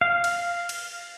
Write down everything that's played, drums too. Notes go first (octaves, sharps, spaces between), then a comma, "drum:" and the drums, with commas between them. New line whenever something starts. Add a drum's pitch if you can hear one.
F5
drum: cymbal
drum: cymbal